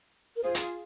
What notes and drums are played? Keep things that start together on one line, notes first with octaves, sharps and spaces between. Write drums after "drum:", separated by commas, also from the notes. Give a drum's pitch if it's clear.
A#4
F4 G#4 C5
drum: hi-hat